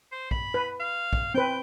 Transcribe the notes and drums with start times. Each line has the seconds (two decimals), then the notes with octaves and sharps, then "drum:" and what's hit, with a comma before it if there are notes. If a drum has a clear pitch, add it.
0.12 C5
0.31 B5, drum: kick
0.54 B4
0.80 F5
1.13 drum: kick
1.34 C4 B4 G5